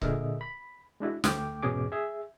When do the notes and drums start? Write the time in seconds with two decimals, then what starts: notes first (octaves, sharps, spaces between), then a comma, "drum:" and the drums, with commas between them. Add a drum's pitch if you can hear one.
0.02 A#2 D3 G#4 A#4 D#5 E5, drum: kick C#1
0.41 B5
1.00 G#3 D4 E4 F#4
1.24 D2 A3 G5 D6, drum: snare
1.63 E2 G#2 B2 C#4 G#4 D6
1.92 G#4 E5